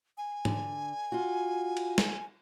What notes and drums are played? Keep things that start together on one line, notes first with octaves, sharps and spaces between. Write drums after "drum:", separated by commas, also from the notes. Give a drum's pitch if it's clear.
G#5
D3, drum: tom
F4 F#4
drum: cymbal
drum: snare